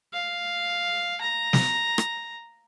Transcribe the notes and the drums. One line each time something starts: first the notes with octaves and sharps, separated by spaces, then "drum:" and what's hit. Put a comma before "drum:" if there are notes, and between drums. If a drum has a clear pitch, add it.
F5
A#5
drum: snare
drum: rim click